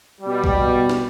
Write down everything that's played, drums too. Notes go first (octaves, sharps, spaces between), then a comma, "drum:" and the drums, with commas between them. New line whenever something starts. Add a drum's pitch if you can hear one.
B2 G3
drum: kick A#1
drum: snare